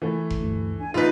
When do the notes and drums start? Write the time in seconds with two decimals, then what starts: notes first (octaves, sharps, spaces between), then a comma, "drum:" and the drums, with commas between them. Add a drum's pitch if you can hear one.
0.02 E3 A3
0.30 drum: kick F1
0.40 D2 G2
0.80 D4 G#5
0.94 A#1 D#4 F4 G#4 B4 B5